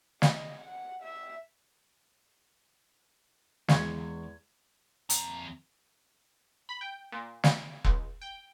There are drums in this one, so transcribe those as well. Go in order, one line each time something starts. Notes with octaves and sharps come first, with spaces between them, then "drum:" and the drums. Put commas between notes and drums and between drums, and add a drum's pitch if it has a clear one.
D#5, drum: snare
F#5
E5
E2 G#3 C#6 G#6, drum: snare
F2 A#5, drum: hi-hat
B5
G5
A#2
D7, drum: snare
C#2, drum: kick E1
G5